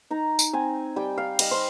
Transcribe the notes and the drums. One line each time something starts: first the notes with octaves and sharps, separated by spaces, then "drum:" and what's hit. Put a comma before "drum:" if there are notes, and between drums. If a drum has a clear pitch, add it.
D#4 A#5
drum: tambourine
C4 G#5
G3 G5
F5
G3 D#5, drum: cymbal
C5